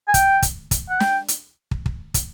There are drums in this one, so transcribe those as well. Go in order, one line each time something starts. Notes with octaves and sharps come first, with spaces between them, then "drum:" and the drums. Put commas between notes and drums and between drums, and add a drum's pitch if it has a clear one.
G#5
G5, drum: kick, hi-hat
drum: kick, hi-hat
drum: kick, hi-hat
F#5
G5, drum: snare
drum: hi-hat
drum: kick
drum: kick
drum: kick, hi-hat